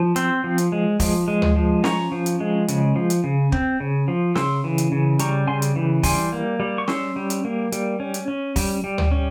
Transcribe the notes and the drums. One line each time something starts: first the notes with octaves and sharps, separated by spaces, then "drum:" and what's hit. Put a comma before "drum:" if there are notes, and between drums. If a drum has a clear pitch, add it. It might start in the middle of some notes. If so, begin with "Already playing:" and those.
Already playing: F3
C4 C6 E6, drum: hi-hat
F3
drum: hi-hat
G#3
F3, drum: kick, open hi-hat
G#3
drum: tom D2
F3
C#4 A#5 C#6, drum: snare
F3
drum: hi-hat
G#3
C#3, drum: hi-hat
F3
drum: hi-hat
C#3
C4, drum: kick
C#3
F3
C#3 C6 E6, drum: snare
E3
drum: hi-hat
C#3
G3 A#5 C#6, drum: hi-hat
C#3 G#5 C6
drum: hi-hat
E3
G3 G#5 C6, drum: kick, open hi-hat
A#3
G3
C#6
C#4 C6 E6, drum: snare
G3
drum: hi-hat
A#3
G3, drum: hi-hat
C#4
drum: hi-hat
C#4
G3, drum: kick, open hi-hat
G3
drum: tom D2
C#4